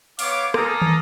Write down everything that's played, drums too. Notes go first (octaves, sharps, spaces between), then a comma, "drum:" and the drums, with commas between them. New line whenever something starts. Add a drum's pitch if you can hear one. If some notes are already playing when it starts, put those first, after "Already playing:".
B3 C#5 F5 D6, drum: open hi-hat
G#4 A4 F5 A#5 D6 D#6, drum: rim click
drum: tom